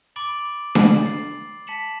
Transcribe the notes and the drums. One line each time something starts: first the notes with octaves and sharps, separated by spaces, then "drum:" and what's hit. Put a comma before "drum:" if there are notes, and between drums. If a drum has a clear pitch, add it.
B5 D6 A6 D7 F#7
F#7, drum: snare D4
A6 C7
A5 B6 C#7 E7 F#7